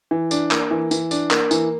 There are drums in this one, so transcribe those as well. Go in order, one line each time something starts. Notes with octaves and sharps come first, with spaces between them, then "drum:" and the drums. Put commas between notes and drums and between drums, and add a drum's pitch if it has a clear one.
E3
D4, drum: tambourine
A#3, drum: clap
E3
E3, drum: tambourine
D4, drum: tambourine
A#3, drum: clap
E3, drum: tambourine